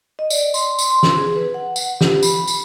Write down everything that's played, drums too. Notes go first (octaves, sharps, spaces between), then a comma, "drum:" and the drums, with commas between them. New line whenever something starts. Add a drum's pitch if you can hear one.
D#5
D5, drum: tambourine
C6, drum: tambourine
drum: tambourine
C6
drum: snare
G#4
B4
F#5
F#5, drum: tambourine
G4, drum: snare
B5, drum: tambourine
drum: tambourine